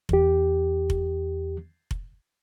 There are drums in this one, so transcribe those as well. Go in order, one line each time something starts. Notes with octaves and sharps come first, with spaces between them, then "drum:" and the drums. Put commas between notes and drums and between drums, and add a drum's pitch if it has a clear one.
E2 G4, drum: kick F1
drum: kick F1
drum: kick F1